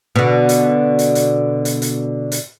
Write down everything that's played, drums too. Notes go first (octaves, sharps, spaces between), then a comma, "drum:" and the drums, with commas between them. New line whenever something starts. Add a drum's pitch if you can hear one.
B2 D3
drum: hi-hat
drum: hi-hat
drum: hi-hat
drum: hi-hat
drum: hi-hat
drum: hi-hat